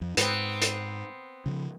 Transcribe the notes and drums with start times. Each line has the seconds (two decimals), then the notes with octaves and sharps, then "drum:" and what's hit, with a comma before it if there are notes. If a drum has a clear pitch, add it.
0.01 F2
0.17 G#2 B3 C4, drum: hi-hat
0.62 drum: hi-hat
1.46 C#3 E3 F3